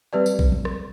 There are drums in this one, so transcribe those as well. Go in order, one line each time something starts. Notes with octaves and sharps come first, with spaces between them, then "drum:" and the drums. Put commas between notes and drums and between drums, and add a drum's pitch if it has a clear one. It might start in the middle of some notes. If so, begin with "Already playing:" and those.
G3 C4 G4 B4 D5
drum: tambourine
drum: kick A#1
drum: tom F3
drum: rim click